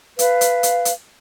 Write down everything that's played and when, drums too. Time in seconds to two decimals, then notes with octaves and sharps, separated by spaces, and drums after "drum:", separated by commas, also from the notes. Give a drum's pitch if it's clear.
0.19 B4 F5, drum: hi-hat
0.41 drum: hi-hat
0.63 drum: hi-hat
0.85 drum: hi-hat